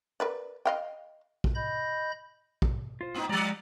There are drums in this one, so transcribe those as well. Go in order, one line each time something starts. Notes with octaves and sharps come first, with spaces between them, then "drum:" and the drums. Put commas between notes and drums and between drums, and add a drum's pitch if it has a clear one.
A#4 B4 D5
D#5 F5 G5
drum: kick
D#5 B5 G6 A#6
drum: kick
F4 C5
G#2 B3 D#4
F3 G3 G#3 D5 A#5